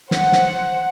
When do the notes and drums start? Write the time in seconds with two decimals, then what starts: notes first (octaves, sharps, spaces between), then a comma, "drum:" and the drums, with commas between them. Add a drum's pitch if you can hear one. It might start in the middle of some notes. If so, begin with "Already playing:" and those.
0.11 C5 F#5, drum: snare
0.32 drum: snare